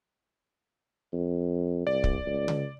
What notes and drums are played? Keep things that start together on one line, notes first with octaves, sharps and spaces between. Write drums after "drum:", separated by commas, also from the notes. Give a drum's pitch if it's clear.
F2
C2 D5
drum: kick
C#2
drum: tom C#3